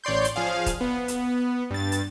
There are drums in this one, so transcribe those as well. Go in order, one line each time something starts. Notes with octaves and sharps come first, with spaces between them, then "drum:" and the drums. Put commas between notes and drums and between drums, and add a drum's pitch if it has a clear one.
A1 C#5 D5 C6 G6
drum: hi-hat
F3 G#4 F5
drum: kick, hi-hat
B3
drum: hi-hat
G2 A6
drum: hi-hat